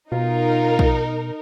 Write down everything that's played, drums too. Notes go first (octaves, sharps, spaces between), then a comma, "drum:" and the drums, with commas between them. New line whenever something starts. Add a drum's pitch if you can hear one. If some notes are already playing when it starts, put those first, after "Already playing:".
B2 D#4 F4 A#4
drum: kick